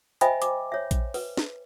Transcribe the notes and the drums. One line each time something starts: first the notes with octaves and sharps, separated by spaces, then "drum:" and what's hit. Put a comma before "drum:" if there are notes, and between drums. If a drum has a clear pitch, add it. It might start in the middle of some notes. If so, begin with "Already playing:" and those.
C5 D#5 E5 G5 G#5 B5, drum: hi-hat
D6, drum: hi-hat
C#5 E5
drum: kick A#1, hi-hat
B4, drum: open hi-hat
drum: snare